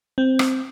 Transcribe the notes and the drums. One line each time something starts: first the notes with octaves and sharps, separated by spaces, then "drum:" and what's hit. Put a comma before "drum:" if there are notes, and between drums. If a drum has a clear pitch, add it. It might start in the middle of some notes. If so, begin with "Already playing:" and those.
C4
drum: rim click